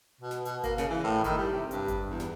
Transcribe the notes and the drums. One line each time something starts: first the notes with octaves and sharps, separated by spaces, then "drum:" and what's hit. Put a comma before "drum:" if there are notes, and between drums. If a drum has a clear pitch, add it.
B2
drum: snare
B2, drum: hi-hat
A#3, drum: kick G1, hi-hat
C#3, drum: snare
E3
A2
D#3, drum: kick G1, hi-hat
G3
C3
G2, drum: hi-hat
drum: kick G1, hi-hat
E2
drum: snare